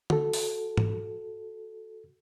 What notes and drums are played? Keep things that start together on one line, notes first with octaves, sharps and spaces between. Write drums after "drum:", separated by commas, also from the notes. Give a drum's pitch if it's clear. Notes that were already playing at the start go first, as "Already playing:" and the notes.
F#4 A4, drum: tom D3
drum: open hi-hat
drum: tom